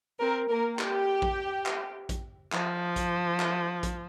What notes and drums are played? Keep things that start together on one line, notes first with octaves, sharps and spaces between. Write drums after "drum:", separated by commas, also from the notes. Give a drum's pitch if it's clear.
C4 A#4
A#3 A#4
G4, drum: clap
drum: kick A#1
drum: clap
drum: kick A#1, hi-hat
F3, drum: clap
drum: kick A#1, hi-hat
drum: clap
drum: kick A#1, hi-hat